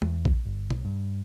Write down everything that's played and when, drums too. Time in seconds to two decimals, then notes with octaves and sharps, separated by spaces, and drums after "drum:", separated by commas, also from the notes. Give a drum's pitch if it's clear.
0.02 E2, drum: tom
0.25 drum: kick A#1
0.45 G1
0.70 B1, drum: tom B2
0.85 G2